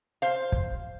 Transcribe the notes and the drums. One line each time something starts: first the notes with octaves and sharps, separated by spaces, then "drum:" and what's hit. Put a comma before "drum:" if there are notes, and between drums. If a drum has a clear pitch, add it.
C5 F5
drum: kick